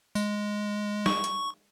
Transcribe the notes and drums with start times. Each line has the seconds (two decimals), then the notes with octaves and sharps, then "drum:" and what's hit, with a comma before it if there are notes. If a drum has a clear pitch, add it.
0.15 G#3, drum: tambourine
1.06 C#6, drum: snare
1.24 drum: hi-hat